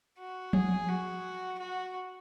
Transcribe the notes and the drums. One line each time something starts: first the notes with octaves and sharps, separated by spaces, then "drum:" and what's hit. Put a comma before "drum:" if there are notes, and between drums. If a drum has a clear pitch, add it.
F#4
G#4, drum: tom F3
F#4
F#4